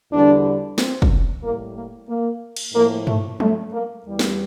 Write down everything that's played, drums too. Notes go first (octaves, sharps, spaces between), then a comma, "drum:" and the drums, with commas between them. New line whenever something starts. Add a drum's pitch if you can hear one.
E2 D3 G3 D4
C4, drum: snare
drum: kick
A2 G3 A#3
A#3
A#3
drum: cymbal
A2 F3 A#3
A3, drum: tom G2
A3, drum: tom F3
A#3
E2 E3 G3
drum: snare